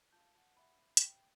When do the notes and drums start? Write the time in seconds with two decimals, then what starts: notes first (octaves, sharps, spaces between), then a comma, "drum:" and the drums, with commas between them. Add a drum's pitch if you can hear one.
0.12 F4 A5 G6
0.37 F#5
0.57 E5 B5
0.97 G5, drum: hi-hat